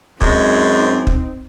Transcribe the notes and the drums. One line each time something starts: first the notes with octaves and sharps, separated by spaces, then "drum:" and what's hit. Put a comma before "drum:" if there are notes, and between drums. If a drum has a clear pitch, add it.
F#2 G#3 C4 D#4, drum: kick
drum: kick